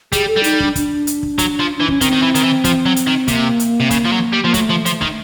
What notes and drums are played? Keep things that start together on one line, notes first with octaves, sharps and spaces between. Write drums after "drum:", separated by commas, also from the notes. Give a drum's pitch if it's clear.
G3 G#4, drum: kick, hi-hat
A4
G3
D#4, drum: hi-hat
D4, drum: kick
D4, drum: kick, hi-hat
drum: hi-hat
drum: kick
F#3, drum: kick, hi-hat
F3
E3 D4
C#4, drum: kick
D#3 C4, drum: kick, hi-hat
D#3
E3
D#3, drum: hi-hat
E3
F3, drum: kick, hi-hat
F#3
drum: hi-hat
D#3
C3 A#3, drum: kick, hi-hat
drum: hi-hat
C3
C#3, drum: kick, hi-hat
F3
F#3
G3
F3 A#3
F#3 A3, drum: kick, hi-hat
F3
F3, drum: hi-hat
D#3, drum: kick